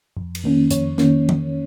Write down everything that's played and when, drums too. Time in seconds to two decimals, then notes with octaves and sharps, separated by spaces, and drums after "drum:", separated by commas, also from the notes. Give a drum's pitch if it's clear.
0.17 F2
0.35 drum: cymbal
0.44 D#3 A#3 C#4
0.71 F2 C#5, drum: hi-hat
0.98 D#3 A#3 C#4, drum: snare
1.29 drum: tom E3